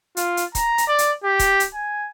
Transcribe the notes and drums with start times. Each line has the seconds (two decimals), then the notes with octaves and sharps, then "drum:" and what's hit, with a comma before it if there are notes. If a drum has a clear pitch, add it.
0.17 F4, drum: hi-hat
0.37 drum: hi-hat
0.55 A#5, drum: kick, hi-hat
0.78 drum: hi-hat
0.88 D5
0.98 drum: hi-hat
1.24 G4
1.39 drum: kick, hi-hat
1.60 drum: hi-hat
1.74 G#5